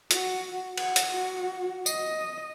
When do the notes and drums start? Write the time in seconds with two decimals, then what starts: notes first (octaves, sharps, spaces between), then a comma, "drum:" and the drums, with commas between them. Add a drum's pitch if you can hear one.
0.11 F#4, drum: hi-hat
0.78 F#5, drum: cymbal
0.96 drum: hi-hat
1.11 F#4
1.86 D#5, drum: tambourine